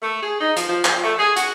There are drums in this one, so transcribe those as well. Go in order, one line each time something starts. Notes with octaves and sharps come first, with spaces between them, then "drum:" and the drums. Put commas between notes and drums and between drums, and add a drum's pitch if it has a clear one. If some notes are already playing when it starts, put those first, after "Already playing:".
A3
G#4
D#4
F3, drum: hi-hat
F3
F3, drum: clap
A3
G#4
F#4, drum: hi-hat